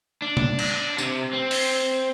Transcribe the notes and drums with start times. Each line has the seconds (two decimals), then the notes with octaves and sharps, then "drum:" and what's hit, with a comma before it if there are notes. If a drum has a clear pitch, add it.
0.22 D4
0.37 drum: tom
0.59 drum: cymbal
0.98 C3, drum: tambourine
1.33 C4
1.51 drum: open hi-hat